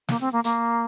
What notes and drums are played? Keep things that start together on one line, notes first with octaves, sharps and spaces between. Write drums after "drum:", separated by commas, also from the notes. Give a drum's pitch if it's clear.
A#3, drum: snare
C4
A#3
A#3, drum: hi-hat